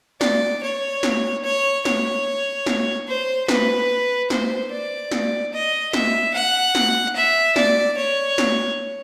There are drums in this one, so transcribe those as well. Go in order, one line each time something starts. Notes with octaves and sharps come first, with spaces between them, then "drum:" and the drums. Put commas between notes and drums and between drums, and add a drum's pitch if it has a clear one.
D5, drum: snare
C#5
drum: snare
C#5
C#5, drum: snare
drum: snare
C5
B4, drum: snare
C5, drum: snare
D5
drum: snare
D#5
E5, drum: snare
F#5
drum: snare
E5
D5, drum: snare
C#5
drum: snare